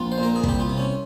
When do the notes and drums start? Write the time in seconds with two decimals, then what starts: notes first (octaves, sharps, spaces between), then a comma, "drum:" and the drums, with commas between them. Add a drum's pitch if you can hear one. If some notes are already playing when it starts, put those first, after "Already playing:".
Already playing: A#1 F4
0.12 C5
0.18 A#2
0.23 A#4
0.36 G#4
0.43 C2, drum: kick
0.49 G4
0.60 F4
0.70 C3
0.78 C#4